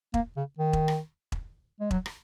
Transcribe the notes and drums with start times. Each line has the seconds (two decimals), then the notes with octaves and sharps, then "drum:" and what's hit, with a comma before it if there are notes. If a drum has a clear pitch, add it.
0.14 A#3, drum: kick E1
0.36 C#3
0.58 D#3
0.73 drum: kick E1
0.88 drum: rim click
1.32 drum: kick E1
1.80 G#3
1.91 F#3, drum: kick E1
2.06 drum: rim click